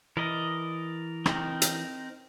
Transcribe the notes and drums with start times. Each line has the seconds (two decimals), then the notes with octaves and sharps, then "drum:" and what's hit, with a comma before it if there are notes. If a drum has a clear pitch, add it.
0.17 E3 A#4 D5 D#5
1.26 C4 D#4 A#4, drum: rim click
1.62 drum: hi-hat